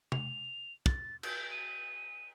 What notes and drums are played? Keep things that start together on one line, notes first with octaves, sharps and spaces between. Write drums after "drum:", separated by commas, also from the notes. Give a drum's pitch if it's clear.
F7, drum: tom
A6, drum: kick
G6, drum: cymbal
D#7